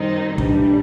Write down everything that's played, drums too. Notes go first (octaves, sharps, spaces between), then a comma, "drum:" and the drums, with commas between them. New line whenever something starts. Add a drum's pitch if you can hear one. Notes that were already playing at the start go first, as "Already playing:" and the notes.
Already playing: F#2 D#3 G3 C4 D#4
A#1 A2 E3 G3 D4, drum: kick